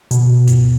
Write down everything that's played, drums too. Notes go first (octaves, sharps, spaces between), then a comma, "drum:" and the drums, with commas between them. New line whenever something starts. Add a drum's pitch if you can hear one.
B2, drum: hi-hat
drum: kick, hi-hat